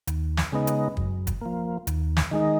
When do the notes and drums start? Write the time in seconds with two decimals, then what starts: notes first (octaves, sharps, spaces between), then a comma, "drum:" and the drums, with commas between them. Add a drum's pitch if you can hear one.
0.07 D#2, drum: hi-hat
0.37 drum: snare
0.52 C#3 G#3 B3 D#4
0.67 drum: hi-hat
0.97 F#2, drum: kick
1.27 drum: kick, hi-hat
1.41 F3 A#3
1.87 D#2, drum: hi-hat
2.17 drum: snare
2.31 D#3 G#3 D#4